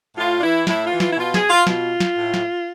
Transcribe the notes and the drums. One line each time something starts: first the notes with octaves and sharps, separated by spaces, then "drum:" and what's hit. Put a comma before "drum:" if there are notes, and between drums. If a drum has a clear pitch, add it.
A2 F4
D4
E3 E4
A2 E4, drum: snare
F4
E3
F4, drum: snare
E4
B2 F4
G#4, drum: snare
F4
B2 F4, drum: snare
drum: snare
A2
drum: snare